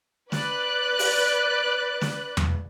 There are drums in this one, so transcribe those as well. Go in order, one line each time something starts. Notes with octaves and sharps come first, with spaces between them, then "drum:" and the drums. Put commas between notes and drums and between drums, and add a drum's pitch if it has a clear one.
B4 D5 F#6, drum: snare
drum: open hi-hat
drum: snare
drum: tom E2